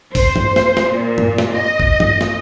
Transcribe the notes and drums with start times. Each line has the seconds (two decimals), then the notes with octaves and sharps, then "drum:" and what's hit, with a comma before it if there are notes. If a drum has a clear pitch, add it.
0.15 C5, drum: kick, open hi-hat
0.36 drum: tom
0.56 drum: snare
0.77 drum: snare
0.94 A#2
1.18 drum: tom
1.38 drum: snare
1.53 D#5
1.80 drum: kick
2.00 drum: tom
2.21 drum: snare